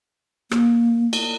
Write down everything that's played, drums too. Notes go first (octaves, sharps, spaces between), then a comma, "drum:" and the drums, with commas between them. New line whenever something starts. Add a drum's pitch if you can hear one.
A#3, drum: rim click
drum: cymbal